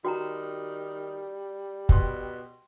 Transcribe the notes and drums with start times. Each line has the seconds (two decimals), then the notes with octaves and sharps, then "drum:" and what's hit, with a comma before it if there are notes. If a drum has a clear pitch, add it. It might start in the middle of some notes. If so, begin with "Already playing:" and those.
0.05 D#3 G3 F#4 G5 A#5
1.89 B2 G5 C6, drum: kick